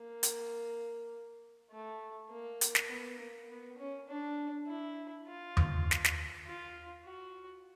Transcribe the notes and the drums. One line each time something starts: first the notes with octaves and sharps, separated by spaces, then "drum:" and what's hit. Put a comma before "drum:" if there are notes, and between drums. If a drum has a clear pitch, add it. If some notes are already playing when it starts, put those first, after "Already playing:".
Already playing: A#3
drum: hi-hat
A3
A#3
drum: hi-hat
drum: snare
B3
A#3
B3
C#4
D4
E4
F4
drum: tom D#2
drum: snare
drum: snare
F4
F#4